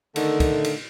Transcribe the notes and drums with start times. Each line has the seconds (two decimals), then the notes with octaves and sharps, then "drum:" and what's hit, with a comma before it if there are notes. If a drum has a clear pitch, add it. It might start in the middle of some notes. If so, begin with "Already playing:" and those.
0.16 D3 D#3 A3, drum: cymbal
0.40 drum: kick, cymbal
0.64 drum: cymbal